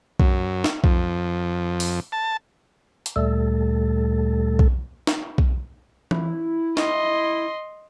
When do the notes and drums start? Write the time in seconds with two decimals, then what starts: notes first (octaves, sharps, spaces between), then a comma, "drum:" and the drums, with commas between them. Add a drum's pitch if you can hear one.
0.20 F#2, drum: kick B1
0.64 drum: snare
0.84 F2, drum: kick B1
1.80 drum: open hi-hat
2.12 A5
3.06 drum: hi-hat
3.16 D2 A#2 G3 A3 A4
4.59 drum: kick B1
5.07 drum: snare
5.38 drum: kick B1
6.11 E4, drum: tom E3
6.77 D#5 C6, drum: snare